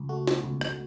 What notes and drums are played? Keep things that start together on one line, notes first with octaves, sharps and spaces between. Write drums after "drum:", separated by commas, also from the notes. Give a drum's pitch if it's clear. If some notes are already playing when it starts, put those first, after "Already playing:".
Already playing: C#2
A3 F#4
B2, drum: snare
C#2
C#2, drum: rim click